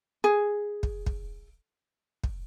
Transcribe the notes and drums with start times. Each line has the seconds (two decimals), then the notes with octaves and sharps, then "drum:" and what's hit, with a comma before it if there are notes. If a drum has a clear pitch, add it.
0.24 G#4
0.83 drum: kick
1.06 drum: kick
2.24 drum: kick